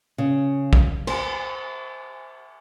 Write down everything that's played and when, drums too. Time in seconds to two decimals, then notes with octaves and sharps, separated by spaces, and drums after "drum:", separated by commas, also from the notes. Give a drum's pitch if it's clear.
0.18 C#3
0.73 drum: kick
1.07 C5, drum: cymbal